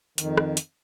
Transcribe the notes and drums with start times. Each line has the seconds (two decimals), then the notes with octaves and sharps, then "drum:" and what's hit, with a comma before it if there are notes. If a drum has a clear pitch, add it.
0.18 F2 D#3, drum: hi-hat
0.37 drum: rim click
0.57 drum: hi-hat